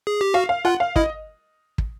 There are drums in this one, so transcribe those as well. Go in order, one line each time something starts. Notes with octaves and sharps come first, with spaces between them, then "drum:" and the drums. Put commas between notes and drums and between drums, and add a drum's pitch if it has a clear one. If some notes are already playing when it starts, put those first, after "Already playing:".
G#4
G4
F#4 F5
F5
F4 F#5
F5
E4 D#5, drum: kick
drum: kick